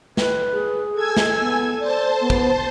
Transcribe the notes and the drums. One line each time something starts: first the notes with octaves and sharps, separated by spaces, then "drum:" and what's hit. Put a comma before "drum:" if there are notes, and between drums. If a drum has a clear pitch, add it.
B4, drum: snare
G#4
A4 G#5 E6 G#6
drum: snare
B3
C5 D5 A5
B3
drum: kick